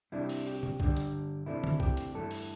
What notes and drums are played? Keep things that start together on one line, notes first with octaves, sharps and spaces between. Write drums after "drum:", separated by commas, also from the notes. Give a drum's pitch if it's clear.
C3 G3 D4 E4
drum: open hi-hat
G4
drum: tom
G2 D3 G3 D4, drum: kick B1
drum: hi-hat
C3 E3 A3 D4 E4
drum: tom
G4, drum: kick B1
drum: hi-hat
G2 E3 A3 A4
drum: open hi-hat